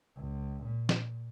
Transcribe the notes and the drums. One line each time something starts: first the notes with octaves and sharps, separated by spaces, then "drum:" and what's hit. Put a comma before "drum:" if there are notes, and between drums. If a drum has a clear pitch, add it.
C#2
A#2
drum: snare